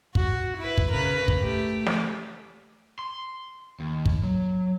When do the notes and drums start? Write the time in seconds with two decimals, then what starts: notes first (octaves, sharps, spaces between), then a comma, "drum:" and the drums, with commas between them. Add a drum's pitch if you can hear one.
0.15 F#4, drum: kick
0.58 E4 B4
0.78 drum: kick
0.92 C#3 A#4 B4
1.28 drum: kick
1.39 A3 G4
1.86 drum: snare
2.99 C6
3.80 D#2
4.06 drum: kick
4.23 F#3